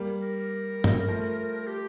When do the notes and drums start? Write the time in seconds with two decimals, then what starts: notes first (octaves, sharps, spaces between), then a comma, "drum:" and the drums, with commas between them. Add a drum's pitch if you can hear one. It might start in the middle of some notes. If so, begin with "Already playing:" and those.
Already playing: G3 A#3
0.21 A#4
0.84 drum: tom G2
1.08 F3 A3
1.67 G4